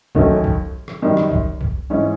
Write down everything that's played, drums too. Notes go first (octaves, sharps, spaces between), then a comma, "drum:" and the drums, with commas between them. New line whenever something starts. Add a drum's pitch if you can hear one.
D#2 D#3 F#3 A3 C#4, drum: kick B1
drum: kick B1
drum: rim click
F#2 D#3 G3
drum: rim click
drum: kick B1
drum: kick B1
G#2 E3 G#3 C#4